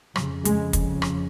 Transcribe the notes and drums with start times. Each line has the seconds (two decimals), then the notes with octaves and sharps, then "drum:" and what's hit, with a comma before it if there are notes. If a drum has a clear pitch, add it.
0.16 F2 C#3 F#3, drum: rim click
0.45 G#3, drum: hi-hat
0.73 drum: kick, hi-hat
1.02 drum: rim click